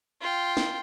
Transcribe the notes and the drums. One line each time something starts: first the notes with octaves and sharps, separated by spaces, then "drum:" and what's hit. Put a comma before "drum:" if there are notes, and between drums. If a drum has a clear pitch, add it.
F4 G5
drum: snare